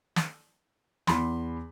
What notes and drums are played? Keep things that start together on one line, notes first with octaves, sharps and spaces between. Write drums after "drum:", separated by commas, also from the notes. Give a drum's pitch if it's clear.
drum: snare
E2 B5 C6, drum: snare